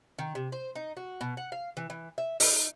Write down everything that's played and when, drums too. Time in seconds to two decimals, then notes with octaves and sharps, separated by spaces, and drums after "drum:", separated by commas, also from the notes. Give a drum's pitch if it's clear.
0.19 D#3
0.35 C3
0.52 C5
0.75 D#4
0.97 F#4
1.21 B2
1.37 F#5
1.52 F5
1.77 E3
1.90 E3
2.18 E5
2.40 D#4, drum: open hi-hat